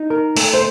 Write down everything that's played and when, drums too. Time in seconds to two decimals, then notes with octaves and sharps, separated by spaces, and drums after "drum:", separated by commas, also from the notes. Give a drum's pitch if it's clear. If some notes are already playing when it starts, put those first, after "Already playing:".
Already playing: D#4
0.10 A#4
0.37 A3, drum: open hi-hat
0.54 C5